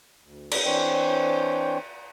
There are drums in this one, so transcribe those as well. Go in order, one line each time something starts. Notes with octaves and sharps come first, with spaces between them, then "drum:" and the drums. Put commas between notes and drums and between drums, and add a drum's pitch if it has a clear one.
D2
drum: cymbal
E3 C4 D4 C5 C#5 G5